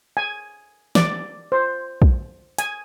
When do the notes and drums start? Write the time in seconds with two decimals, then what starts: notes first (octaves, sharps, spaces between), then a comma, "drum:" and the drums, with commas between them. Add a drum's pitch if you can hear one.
0.17 G#5
0.95 D5, drum: snare
1.52 C5
2.02 drum: kick
2.59 G#5, drum: hi-hat